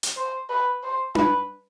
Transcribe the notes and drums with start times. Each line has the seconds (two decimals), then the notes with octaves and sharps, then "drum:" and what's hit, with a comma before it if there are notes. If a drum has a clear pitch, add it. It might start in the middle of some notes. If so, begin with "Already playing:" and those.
0.03 drum: hi-hat
0.16 C5
0.50 B4
0.83 C5
1.15 B4, drum: tom D4